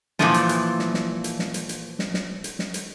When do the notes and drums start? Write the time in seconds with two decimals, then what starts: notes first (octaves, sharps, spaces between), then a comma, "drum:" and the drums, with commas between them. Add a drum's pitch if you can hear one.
0.19 A#2 E3 F3, drum: snare
0.34 drum: hi-hat
0.49 drum: hi-hat
0.79 drum: snare
0.94 drum: snare
1.24 drum: hi-hat
1.39 drum: snare
1.54 drum: hi-hat
1.69 drum: hi-hat
1.99 drum: snare
2.14 drum: snare
2.44 drum: hi-hat
2.59 drum: snare
2.74 drum: hi-hat